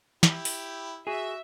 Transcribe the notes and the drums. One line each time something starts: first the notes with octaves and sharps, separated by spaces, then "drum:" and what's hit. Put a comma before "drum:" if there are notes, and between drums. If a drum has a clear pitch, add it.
E4 G4, drum: snare
drum: open hi-hat
F#4 G#4 E5